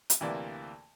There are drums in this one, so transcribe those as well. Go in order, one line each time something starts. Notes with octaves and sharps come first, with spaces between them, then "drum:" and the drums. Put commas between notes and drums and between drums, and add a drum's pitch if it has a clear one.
drum: hi-hat
D2 C3 E3 A#3 D5